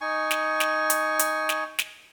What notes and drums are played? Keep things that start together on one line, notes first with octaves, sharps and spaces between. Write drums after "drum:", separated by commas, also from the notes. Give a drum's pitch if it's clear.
D#4 G#5 C#6
drum: snare
drum: snare
drum: hi-hat
drum: hi-hat
drum: snare
drum: snare